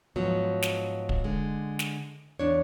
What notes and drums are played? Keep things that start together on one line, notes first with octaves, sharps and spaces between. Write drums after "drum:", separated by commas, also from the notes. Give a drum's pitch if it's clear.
G#2 F3 F#3 B3
drum: snare
drum: kick
D3 G#3
drum: snare
E2 D4 C#5